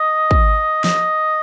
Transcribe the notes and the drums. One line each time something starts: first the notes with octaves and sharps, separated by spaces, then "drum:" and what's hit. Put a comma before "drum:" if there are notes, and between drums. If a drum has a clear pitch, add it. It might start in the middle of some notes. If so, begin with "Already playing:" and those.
Already playing: D#5
drum: kick
D#5, drum: snare